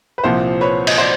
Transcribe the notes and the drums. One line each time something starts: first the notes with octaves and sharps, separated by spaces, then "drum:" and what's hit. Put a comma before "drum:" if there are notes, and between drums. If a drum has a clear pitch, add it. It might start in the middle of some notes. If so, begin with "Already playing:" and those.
B4
C2 A#2 F3 C5
B4 C#5
D#5, drum: cymbal
C5 D5